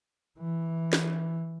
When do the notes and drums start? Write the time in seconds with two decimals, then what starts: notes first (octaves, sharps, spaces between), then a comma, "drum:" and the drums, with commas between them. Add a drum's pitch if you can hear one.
0.39 E3
0.93 drum: snare